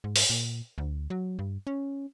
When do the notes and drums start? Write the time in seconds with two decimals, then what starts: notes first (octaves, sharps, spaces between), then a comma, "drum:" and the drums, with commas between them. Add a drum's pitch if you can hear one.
0.04 G#2
0.16 drum: open hi-hat
0.30 A#2
0.78 D2
1.10 F#3
1.39 G2
1.67 C#4